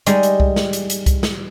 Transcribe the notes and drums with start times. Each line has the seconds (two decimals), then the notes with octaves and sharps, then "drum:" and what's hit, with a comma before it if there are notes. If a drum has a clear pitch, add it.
0.06 G3 G#3 D#4, drum: hi-hat
0.23 drum: hi-hat
0.40 drum: kick C2
0.56 drum: snare
0.73 drum: hi-hat
0.90 drum: hi-hat
1.06 drum: kick C2, hi-hat
1.23 drum: snare